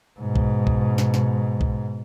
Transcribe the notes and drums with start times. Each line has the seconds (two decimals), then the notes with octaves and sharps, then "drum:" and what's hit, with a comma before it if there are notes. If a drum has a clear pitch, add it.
0.20 G#2 B2
0.36 drum: kick
0.67 drum: kick
0.98 drum: snare
1.14 drum: snare
1.61 drum: kick